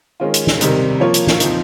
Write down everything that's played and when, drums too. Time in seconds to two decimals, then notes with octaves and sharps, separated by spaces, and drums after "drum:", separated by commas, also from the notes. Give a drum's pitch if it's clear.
0.20 D#3 G#3 C#4 F4
0.34 drum: hi-hat
0.47 drum: snare
0.61 C3 D#3 G3 C4 D#4, drum: hi-hat
1.00 F3 A#3 F4 C#5
1.14 drum: hi-hat
1.27 drum: snare
1.40 F3 C4 D#4, drum: hi-hat